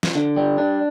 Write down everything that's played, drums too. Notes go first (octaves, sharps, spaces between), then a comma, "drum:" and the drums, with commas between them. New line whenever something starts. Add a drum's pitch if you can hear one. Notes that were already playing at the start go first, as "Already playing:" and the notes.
drum: snare
D3
G3
D4